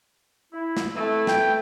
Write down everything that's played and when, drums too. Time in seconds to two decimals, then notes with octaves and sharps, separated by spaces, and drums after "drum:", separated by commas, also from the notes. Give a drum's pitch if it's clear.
0.53 E4
0.77 drum: snare
0.95 E3 A3 C4 E4
1.27 G5, drum: snare